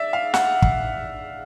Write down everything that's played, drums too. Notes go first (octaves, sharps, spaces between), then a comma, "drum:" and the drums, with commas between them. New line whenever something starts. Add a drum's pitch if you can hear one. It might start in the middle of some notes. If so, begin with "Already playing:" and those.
Already playing: D5 E5
F5
F#5, drum: snare
drum: kick